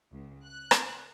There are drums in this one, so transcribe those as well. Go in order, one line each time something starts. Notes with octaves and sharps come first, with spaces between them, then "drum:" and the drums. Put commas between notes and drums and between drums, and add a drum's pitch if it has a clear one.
C#2
F#6
drum: rim click